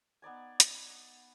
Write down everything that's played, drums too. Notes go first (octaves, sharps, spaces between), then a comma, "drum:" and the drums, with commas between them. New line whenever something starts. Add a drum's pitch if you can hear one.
B3 D#4 D5 G#5
drum: hi-hat